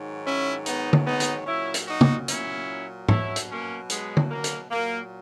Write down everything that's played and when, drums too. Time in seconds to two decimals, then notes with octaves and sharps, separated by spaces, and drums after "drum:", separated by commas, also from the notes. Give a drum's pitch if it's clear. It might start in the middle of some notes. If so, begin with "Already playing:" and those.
Already playing: G#2 D#3 F#3
0.25 C#4 E4
0.66 B3 D#4, drum: hi-hat
0.93 drum: tom D3
1.06 B3 D#4
1.20 drum: hi-hat
1.46 A#2 F#3 C#4 E4
1.74 drum: hi-hat
1.87 D#4 F#4
2.01 drum: tom
2.28 C#4 E4, drum: hi-hat
3.09 B2 F#3 C#4 E4, drum: tom G#2
3.36 drum: hi-hat
3.50 A#3 C#4
3.90 G#3 B3, drum: hi-hat
4.17 drum: tom D3
4.30 A#3
4.44 drum: hi-hat
4.71 A#2 F#3 A#3